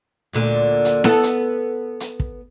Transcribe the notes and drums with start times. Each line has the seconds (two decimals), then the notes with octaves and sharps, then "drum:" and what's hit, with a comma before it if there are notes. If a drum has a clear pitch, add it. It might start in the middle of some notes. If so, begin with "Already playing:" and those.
0.33 D2 A#2 D3
0.85 drum: hi-hat
1.04 B3 A4, drum: snare E4
1.23 drum: hi-hat
2.00 drum: hi-hat
2.20 drum: kick